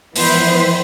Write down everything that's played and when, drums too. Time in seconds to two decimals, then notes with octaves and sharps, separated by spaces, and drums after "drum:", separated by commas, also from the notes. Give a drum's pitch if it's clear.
0.16 E3 F3 B3 E4 B4 C5, drum: open hi-hat